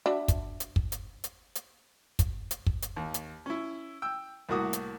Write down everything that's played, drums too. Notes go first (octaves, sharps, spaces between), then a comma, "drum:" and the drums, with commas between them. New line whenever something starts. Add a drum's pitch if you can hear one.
D4 F#4 E5
drum: kick, hi-hat
drum: hi-hat
drum: kick
drum: hi-hat
drum: hi-hat
drum: hi-hat
drum: kick, hi-hat
drum: hi-hat
drum: kick
drum: hi-hat
D#2
drum: hi-hat
C#4 E4
G5 E6
C2 A2 A#3 F#4 D6 D#6
drum: hi-hat